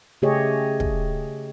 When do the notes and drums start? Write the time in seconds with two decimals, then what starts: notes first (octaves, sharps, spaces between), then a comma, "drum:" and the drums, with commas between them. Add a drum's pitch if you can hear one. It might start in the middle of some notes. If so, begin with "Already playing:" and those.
0.22 C#3 A3 G4 G#4 C#5 D#5
0.80 drum: kick